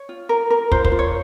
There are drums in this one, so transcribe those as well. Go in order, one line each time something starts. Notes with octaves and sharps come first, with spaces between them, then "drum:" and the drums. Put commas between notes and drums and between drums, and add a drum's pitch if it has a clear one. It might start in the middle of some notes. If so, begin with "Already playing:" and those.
Already playing: C#5
F4
A#4
A#4
F4 C5, drum: kick
C5, drum: kick
F4
C#5